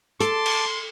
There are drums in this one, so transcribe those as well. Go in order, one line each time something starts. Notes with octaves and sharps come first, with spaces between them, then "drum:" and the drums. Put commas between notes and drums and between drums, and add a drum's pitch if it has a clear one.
A4 A5 C6 D6, drum: hi-hat
drum: cymbal